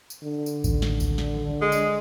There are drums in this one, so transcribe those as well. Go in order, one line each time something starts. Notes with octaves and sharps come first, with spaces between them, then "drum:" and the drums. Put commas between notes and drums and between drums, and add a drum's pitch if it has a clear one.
drum: tambourine
D3
drum: tambourine
A1 D#3, drum: kick C#2, tambourine
drum: snare
drum: kick C#2, tambourine
drum: snare
drum: tom D3
G#3
drum: tambourine